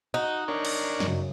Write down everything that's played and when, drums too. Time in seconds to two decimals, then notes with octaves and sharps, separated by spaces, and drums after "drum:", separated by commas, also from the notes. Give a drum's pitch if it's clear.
0.14 D#4 F#4
0.48 D4 A#4 C#5
0.65 drum: cymbal
1.00 F#2 C#3 F#3, drum: snare